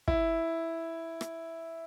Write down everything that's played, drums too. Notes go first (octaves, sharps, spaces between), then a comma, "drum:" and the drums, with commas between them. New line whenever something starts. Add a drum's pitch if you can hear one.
E4, drum: kick
drum: rim click